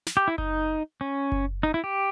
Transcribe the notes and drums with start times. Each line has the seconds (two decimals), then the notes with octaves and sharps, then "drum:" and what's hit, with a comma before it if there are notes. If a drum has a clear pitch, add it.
0.06 drum: snare
0.17 G4
0.28 E4
0.38 D#4, drum: kick F#1
1.01 C#4
1.32 drum: kick F#1
1.63 D#4
1.74 E4
1.84 G4